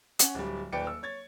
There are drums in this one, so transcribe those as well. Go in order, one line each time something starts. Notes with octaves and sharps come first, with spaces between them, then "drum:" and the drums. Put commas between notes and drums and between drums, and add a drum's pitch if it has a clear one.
C#4 F#5, drum: hi-hat
D1 G3
D#1 B4 D5 G5 C#7 D7
E6
C#5 G#6 A6